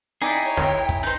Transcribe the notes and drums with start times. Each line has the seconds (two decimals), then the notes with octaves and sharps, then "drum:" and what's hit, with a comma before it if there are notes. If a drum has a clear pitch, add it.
0.22 D#4 E4 G#4 D5 G5
0.45 C#5
0.57 drum: snare
0.89 drum: kick
1.03 D#4 C5 G6